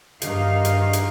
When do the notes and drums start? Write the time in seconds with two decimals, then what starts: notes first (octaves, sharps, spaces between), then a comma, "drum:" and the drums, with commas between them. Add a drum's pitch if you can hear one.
0.22 G2 D#3 D#4 F5, drum: hi-hat
0.65 drum: hi-hat
0.93 drum: hi-hat